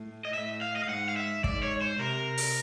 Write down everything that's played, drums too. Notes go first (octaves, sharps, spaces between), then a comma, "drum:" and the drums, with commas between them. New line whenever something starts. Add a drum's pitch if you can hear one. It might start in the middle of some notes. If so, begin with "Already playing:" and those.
Already playing: A2
D#5
A2 E5
F5
D#5
F5
G#2 F#5
F5
E5
G#2 D5, drum: kick
C#5
C5
C3 A#4
drum: open hi-hat